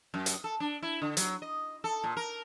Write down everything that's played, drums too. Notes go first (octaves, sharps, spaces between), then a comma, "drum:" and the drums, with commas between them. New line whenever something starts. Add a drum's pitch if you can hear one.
F#2
drum: hi-hat
A4
D4
E4
D3
F#3, drum: hi-hat
D#5
A4
A#2
A#4